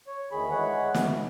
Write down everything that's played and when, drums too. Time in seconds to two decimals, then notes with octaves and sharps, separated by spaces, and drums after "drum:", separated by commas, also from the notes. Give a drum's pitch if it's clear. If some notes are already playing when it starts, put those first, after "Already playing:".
0.07 C#5
0.31 D2 D#3 G#4 B5
0.51 E3 G#3 C#5 F#5 B5
0.94 A3, drum: snare